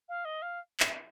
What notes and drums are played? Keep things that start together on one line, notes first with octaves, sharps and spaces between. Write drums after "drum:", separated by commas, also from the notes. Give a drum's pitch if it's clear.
F5
D#5
F5
drum: clap